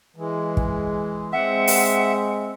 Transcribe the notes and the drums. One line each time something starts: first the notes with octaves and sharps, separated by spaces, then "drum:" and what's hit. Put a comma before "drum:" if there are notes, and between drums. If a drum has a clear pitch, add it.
E3 G#3
drum: kick
G#3 C4 E5 F#5
drum: open hi-hat